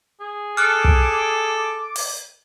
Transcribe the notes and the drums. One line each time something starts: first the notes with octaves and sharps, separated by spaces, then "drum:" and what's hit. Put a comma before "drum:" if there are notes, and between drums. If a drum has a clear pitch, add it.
G#4
A4 D6 F6 F#6
drum: kick
drum: open hi-hat